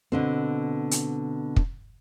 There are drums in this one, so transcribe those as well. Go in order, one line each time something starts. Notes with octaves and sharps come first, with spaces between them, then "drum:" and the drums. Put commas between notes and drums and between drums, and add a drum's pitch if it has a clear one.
B2 D3 C4
drum: hi-hat
drum: kick